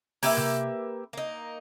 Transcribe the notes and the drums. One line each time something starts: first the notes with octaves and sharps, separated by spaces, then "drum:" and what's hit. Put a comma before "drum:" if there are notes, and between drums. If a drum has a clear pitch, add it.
A#3 G4 B4 E5, drum: open hi-hat
drum: tom C3
A#3 D#4